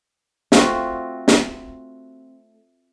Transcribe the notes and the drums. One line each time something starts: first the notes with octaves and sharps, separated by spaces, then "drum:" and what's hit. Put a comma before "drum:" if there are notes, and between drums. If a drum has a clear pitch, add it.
A3 C4 F4 F#4, drum: snare
drum: snare